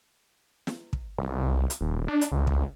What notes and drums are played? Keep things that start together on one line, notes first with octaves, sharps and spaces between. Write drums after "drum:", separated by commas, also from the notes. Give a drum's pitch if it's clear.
drum: snare
drum: kick
C2
drum: hi-hat
D#1
D4
drum: hi-hat
C#2
drum: kick